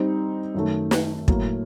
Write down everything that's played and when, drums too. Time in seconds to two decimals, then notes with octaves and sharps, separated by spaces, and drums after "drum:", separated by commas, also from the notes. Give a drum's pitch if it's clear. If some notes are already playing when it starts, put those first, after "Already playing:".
Already playing: G3 C4 D#4
0.55 F#2 D#3 A3
0.91 drum: snare
1.28 A2 F#3 A#3, drum: kick